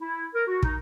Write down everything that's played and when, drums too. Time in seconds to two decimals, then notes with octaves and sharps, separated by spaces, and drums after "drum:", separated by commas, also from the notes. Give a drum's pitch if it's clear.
0.01 E4
0.34 A#4
0.48 F#4
0.63 D#4, drum: kick